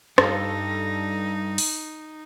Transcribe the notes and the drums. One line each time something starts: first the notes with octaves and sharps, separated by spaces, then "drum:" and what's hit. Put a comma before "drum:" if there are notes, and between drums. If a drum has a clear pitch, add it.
G2 D#4 A4 F5 A#6, drum: rim click
drum: open hi-hat